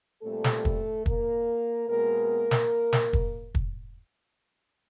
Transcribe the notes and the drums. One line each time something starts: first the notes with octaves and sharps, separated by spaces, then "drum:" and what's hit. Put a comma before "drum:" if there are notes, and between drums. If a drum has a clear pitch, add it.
A#2 G3 A3 C4 A4
drum: snare
drum: kick
A#3 A#4, drum: kick
B2 G#3 A#3 B3 A#4
drum: snare
drum: snare
drum: kick
drum: kick